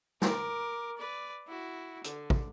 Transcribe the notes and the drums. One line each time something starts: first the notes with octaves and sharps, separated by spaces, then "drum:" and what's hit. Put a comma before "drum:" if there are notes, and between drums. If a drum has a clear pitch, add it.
A#4 D6, drum: snare
B4 D5
E4 F#4
D3, drum: hi-hat
drum: kick